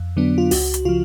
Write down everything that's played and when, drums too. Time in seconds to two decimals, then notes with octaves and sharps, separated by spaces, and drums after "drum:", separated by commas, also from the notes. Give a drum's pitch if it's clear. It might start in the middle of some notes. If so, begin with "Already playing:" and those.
Already playing: F2
0.17 D3 F#3 B3 D4
0.38 F4
0.51 C#2 F#4, drum: open hi-hat
0.74 drum: hi-hat
0.85 C#3 F3 F4